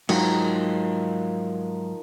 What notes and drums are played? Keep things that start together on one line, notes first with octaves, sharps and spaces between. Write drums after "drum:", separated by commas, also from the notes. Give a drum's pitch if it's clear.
G#2 D#3 F3 F#3 A#5, drum: cymbal